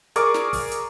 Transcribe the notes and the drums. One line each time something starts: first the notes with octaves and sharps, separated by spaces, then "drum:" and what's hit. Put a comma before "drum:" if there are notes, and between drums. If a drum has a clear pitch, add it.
G#4 A#4 D5 C#6 D6, drum: hi-hat
drum: snare
drum: kick, open hi-hat
drum: hi-hat